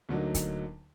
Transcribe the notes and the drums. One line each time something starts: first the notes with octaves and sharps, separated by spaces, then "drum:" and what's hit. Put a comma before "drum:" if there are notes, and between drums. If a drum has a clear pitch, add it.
D2 D3 F#3 A#3 D#4
drum: kick C#1, hi-hat